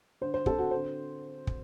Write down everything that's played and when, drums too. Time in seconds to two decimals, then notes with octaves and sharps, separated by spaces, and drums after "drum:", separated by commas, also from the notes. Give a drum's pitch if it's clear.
0.21 D3 C5
0.34 C5
0.46 C4 A4, drum: kick
0.59 F#4
0.71 D3 C5
1.47 drum: kick